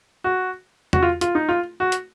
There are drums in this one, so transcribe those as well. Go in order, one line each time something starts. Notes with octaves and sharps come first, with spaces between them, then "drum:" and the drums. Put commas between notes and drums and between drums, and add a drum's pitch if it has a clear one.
F#4
F#4, drum: tom E2
F4
F4, drum: hi-hat
D#4
F4
F#4
drum: hi-hat